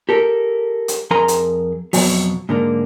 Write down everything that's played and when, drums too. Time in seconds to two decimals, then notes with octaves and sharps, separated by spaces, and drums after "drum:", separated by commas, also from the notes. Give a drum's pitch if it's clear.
0.09 G4 A4 A#4
0.88 drum: hi-hat
1.11 F2 G#4 A#4 G#5 A#5 C6
1.28 drum: hi-hat
1.93 F2 B2 F#3, drum: open hi-hat
2.49 G#2 D3 A#3